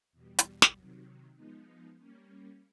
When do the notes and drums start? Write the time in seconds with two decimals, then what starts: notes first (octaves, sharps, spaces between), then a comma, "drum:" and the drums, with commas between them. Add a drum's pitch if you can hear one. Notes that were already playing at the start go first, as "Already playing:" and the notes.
0.12 E2 B2 G3
0.39 drum: hi-hat
0.62 drum: snare
0.75 C3 D#3 F#3
1.36 F3 G#3 B3 D#4
1.99 G3 A#3 C#4